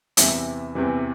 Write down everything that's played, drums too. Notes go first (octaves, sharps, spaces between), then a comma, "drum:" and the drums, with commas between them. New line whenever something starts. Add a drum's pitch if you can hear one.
E2 C3 E3 E5, drum: hi-hat
E2 C3 E3